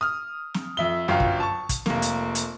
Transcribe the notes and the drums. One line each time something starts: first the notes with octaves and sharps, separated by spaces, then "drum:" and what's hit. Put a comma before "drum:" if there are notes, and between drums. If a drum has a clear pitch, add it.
D#6 F6
drum: snare
F2 E5 G7
G1 F#2 F4 F5 G5
drum: kick
A5 C#6
drum: kick, hi-hat
F1 A#3, drum: snare
drum: hi-hat
drum: hi-hat